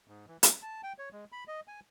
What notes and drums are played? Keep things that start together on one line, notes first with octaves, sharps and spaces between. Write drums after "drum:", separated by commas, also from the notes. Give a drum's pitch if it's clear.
G#2
E3
F#3, drum: hi-hat
A5
G5
C#5
G#3
B5
D#5
G#5